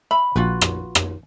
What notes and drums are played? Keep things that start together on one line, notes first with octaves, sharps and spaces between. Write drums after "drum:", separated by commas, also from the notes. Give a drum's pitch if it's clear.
E5 B5
A#1 F4 F#4 B4
drum: rim click
drum: rim click